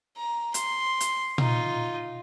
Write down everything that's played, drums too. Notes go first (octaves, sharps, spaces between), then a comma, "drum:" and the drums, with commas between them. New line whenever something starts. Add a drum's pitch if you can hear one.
A#5
C6, drum: hi-hat
drum: hi-hat
D#4 F4, drum: tom A#2